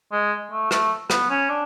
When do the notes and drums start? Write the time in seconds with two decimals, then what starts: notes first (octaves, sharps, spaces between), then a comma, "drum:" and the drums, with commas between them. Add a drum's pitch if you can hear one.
0.12 G#3
0.51 A3
0.71 A3, drum: rim click
1.10 B3, drum: rim click
1.29 C#4
1.49 D4